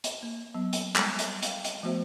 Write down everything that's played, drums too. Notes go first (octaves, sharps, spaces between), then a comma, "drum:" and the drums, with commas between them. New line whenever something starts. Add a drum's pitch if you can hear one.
drum: hi-hat
A#3
F#3 B3
drum: hi-hat
G3 G#3, drum: clap
drum: hi-hat
F5 G5, drum: hi-hat
drum: hi-hat
F3 A3 B3 F#4 C5 E5